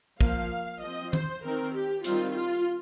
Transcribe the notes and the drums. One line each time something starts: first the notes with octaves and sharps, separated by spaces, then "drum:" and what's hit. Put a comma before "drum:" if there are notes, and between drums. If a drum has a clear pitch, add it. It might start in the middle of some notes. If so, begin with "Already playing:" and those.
F3 A#3 F5, drum: kick A#1
F3 C4 D#5
C5, drum: tom D#3
D#3 C4 A#4
G4
D#3 G3 C4 F4, drum: hi-hat
F4